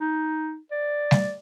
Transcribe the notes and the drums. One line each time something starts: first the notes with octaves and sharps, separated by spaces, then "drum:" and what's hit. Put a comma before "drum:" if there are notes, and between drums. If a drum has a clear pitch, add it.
D#4
D5
drum: snare G3